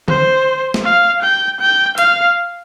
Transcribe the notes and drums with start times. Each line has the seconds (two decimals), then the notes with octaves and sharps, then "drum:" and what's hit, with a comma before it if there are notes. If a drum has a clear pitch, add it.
0.08 C5, drum: tom D3
0.74 drum: snare
0.85 F5
1.22 G5
1.60 G5
1.98 F5, drum: hi-hat